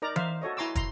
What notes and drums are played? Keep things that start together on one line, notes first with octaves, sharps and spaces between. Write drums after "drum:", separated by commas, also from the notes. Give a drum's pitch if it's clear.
D#4 A#4 D5 A#5
C5 E5 F5, drum: tom E3
F#4 A4 C#5 D#5
E4 G#5 A#5 C6 D6 E6
A#5 C6, drum: kick, hi-hat